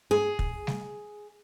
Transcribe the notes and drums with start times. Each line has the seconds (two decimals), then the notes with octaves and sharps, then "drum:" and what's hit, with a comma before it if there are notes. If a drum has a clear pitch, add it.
0.11 G#4
0.39 drum: kick
0.67 drum: snare G3